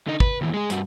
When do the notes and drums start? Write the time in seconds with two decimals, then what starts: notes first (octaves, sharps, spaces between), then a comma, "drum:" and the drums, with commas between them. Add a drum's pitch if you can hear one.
0.07 D3 D#4
0.20 B4, drum: kick
0.41 D#2 E3
0.54 G#3 G#4
0.70 G2 F#4, drum: hi-hat